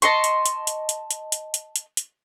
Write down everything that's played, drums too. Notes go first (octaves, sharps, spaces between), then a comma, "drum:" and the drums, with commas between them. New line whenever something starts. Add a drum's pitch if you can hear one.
D#5 A5 C6 C#6, drum: hi-hat
drum: hi-hat
drum: hi-hat
drum: hi-hat
drum: hi-hat
drum: hi-hat
drum: hi-hat
drum: hi-hat
drum: hi-hat
drum: hi-hat